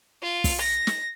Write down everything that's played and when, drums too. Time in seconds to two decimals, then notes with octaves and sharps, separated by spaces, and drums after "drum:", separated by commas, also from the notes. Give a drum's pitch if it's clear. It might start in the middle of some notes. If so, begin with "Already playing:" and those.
0.23 F4
0.44 drum: kick, open hi-hat
0.61 A#6
0.87 drum: snare